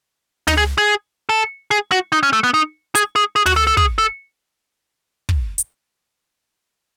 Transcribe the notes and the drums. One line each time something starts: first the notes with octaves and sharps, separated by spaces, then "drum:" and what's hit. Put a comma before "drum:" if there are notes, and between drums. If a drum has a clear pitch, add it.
D#4, drum: tom
G#4
G#4
A4
G#4
F#4
D#4
C#4
A3
B3
D#4
G#4, drum: hi-hat
G#4
G#4
F#4, drum: tom
A4
A4
G#4, drum: kick
A4
drum: kick
drum: hi-hat